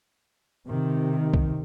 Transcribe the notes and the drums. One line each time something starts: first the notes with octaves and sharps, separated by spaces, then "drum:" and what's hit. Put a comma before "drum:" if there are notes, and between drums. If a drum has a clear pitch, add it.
C3 D#3
drum: kick